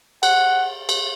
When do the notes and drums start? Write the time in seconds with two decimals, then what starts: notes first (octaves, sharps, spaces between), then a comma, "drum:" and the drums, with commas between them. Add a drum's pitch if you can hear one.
0.23 F#5, drum: cymbal
0.89 drum: cymbal